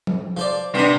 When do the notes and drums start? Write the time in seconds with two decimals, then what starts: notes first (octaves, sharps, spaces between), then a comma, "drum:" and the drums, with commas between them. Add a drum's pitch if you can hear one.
0.07 drum: tom F3
0.37 F3 C5 D5
0.75 C3 B3 D4